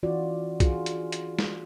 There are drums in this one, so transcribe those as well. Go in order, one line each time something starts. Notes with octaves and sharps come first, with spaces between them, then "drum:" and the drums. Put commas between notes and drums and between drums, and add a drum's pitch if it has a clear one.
E3 C#4 F4 F#4 D5
D4 F4 F#4 G#4, drum: kick B1, hi-hat
drum: hi-hat
drum: hi-hat
drum: snare